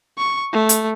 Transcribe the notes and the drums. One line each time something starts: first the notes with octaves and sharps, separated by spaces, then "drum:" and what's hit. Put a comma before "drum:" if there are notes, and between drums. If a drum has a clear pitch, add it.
C#6
A3
drum: hi-hat